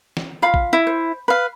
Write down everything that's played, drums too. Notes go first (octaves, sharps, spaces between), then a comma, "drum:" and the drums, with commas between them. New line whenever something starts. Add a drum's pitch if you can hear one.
drum: snare
F4 F5 B5
drum: kick A#1
E4
C5
B4 F5 B5